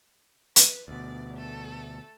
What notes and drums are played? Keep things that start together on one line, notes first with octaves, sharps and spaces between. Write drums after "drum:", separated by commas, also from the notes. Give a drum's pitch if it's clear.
B4, drum: hi-hat
D2 B2 D5
A3 A4